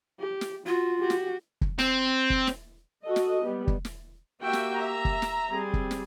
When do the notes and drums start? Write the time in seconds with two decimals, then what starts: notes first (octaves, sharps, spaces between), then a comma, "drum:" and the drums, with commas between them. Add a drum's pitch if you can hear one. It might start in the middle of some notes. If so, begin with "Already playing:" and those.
0.20 G4
0.41 drum: snare
0.67 F4 F#4
1.00 F#4 G4
1.10 drum: snare
1.61 drum: kick
1.79 C4, drum: snare
2.30 drum: kick
2.47 drum: snare
3.05 F#4 A4 D#5
3.16 drum: snare
3.43 G3 B3
3.67 drum: kick
3.85 drum: snare
4.43 A#3 F#4 G4 E5 G5
4.53 drum: snare
4.76 E5 A#5
5.05 drum: kick
5.22 drum: snare
5.50 G3 C4 G#4
5.74 drum: kick
5.91 drum: snare